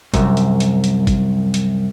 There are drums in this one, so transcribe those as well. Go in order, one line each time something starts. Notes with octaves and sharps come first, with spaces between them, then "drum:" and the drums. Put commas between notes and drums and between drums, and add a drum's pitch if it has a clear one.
C2 F#2, drum: kick, hi-hat
drum: hi-hat
drum: hi-hat
drum: hi-hat
drum: kick, hi-hat
drum: hi-hat